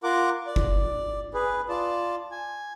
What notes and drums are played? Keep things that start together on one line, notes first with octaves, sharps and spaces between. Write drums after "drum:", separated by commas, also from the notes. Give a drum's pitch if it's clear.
F4 A#4 F#5 D6
D5
drum: kick F#1
G#4 B4
F4 D5 A5
G#5